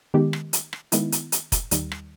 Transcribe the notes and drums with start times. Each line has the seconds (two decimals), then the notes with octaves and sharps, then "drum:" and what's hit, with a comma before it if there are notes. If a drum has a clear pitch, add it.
0.14 D#3 G#3 B3 G4
0.33 drum: rim click
0.53 drum: hi-hat
0.73 drum: rim click
0.92 D#3 G#3 B3 E4, drum: hi-hat
1.12 drum: hi-hat
1.32 drum: hi-hat
1.52 drum: kick F1, hi-hat
1.71 D#2 D#3 G3, drum: hi-hat
1.92 drum: rim click